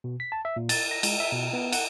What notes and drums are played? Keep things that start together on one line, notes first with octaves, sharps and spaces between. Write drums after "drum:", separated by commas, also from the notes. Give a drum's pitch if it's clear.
B2
B6
A5
E5
A#2
A6, drum: cymbal
A#6
G#3, drum: cymbal
E5
B2
B3
F#5, drum: cymbal